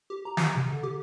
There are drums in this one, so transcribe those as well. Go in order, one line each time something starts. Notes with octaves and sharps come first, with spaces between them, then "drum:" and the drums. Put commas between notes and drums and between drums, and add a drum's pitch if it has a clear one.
G4
A#5
A#5, drum: snare
C3
D3
G4